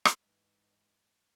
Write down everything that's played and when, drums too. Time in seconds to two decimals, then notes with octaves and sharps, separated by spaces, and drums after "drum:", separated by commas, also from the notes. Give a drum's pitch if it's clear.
0.05 drum: rim click
0.21 G#2 E3 G#3 B3 D#4